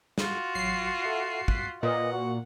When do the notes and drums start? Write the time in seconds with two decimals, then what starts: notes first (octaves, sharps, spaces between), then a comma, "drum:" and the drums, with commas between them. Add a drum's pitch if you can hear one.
0.18 F4 F#4, drum: snare
0.55 A1 F#3 C7
1.02 A4 E5 F#5
1.48 F#6 B6, drum: kick
1.83 A#2 F4 B4 D#5 F#5
2.13 F#4